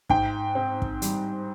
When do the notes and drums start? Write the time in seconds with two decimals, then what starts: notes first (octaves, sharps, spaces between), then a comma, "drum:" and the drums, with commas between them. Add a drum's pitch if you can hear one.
0.09 G#2 G5, drum: kick
0.55 C4
0.82 drum: kick
1.02 G3, drum: hi-hat